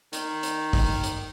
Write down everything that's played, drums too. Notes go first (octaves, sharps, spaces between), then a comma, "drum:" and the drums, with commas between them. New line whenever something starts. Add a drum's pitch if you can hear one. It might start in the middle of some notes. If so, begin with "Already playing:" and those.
D#3, drum: hi-hat
drum: hi-hat
drum: kick, open hi-hat
drum: hi-hat